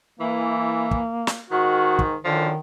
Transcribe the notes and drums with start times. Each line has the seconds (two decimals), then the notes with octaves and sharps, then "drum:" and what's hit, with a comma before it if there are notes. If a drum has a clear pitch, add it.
0.20 E3 A#3
0.91 drum: kick
1.27 drum: snare
1.51 G#2 D#3 F#4
1.99 drum: kick
2.24 F#2 D3 D#3 F3